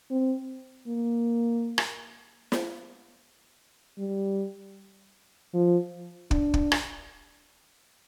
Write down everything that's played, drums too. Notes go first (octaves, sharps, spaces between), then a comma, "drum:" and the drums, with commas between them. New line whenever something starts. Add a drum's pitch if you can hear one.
C4
A#3
drum: rim click
drum: snare
G3
F3
D4, drum: kick
drum: kick
drum: rim click